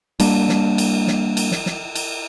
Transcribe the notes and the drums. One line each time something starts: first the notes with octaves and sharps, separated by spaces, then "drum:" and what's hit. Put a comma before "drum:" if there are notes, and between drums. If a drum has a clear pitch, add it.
G3 A#3 D4, drum: cymbal
drum: snare
drum: cymbal
drum: snare
drum: cymbal
drum: snare
drum: snare
drum: cymbal